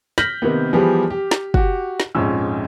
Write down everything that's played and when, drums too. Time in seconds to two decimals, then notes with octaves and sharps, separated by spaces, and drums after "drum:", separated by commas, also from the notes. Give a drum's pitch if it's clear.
0.18 F6 G6 A#6 B6 F#7, drum: snare
0.42 C3 D#3 A#3 B3
0.73 E3 F3 G3 B3 G4 G#4
1.10 G4
1.31 drum: snare
1.54 F#4 G4, drum: kick
2.00 drum: snare
2.15 A#1 F2 G#2 C#4 E6